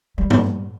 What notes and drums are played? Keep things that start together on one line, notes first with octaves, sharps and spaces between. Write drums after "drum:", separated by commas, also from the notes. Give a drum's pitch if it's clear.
G3
drum: tom